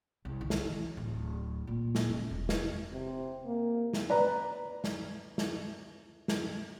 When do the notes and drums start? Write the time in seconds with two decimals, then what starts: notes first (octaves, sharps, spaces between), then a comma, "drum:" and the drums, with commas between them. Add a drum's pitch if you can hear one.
0.25 C2
0.41 D#3
0.50 drum: snare
0.64 E3
0.97 D1
1.67 A#2
1.95 drum: snare
2.09 D#1
2.31 E1
2.49 drum: snare
2.92 C3
3.46 A#3
3.93 drum: snare
4.10 B4 D5 A#5
4.84 drum: snare
5.38 drum: snare
6.28 drum: snare